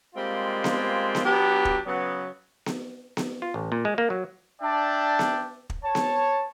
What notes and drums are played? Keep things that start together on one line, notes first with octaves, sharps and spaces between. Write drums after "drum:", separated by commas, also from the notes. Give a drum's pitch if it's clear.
G3 G#3 A#3 C4 F4
drum: snare B3
drum: snare B3
F#3 B3 D4 G4
drum: kick
C#3 F#3 B3
drum: snare B3
drum: snare B3
F4
A1
A#2
G#3
A#3
F#3
D4 D5 E5 G5 A5
drum: snare B3
drum: kick
C#5 A5
drum: snare B3